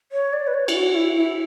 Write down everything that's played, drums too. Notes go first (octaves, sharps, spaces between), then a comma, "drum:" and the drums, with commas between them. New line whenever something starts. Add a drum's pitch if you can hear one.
C#5
D5
B4
C#5
E4, drum: cymbal
F#4
E4
E4